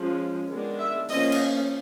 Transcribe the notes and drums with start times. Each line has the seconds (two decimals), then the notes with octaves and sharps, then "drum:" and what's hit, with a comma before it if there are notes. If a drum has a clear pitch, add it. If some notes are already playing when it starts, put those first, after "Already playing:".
Already playing: F3 G#3 C#4
0.50 D#3 G#3 B3 D4
0.79 E5
1.09 F3 A#3 C#4 D#5, drum: open hi-hat
1.32 drum: cymbal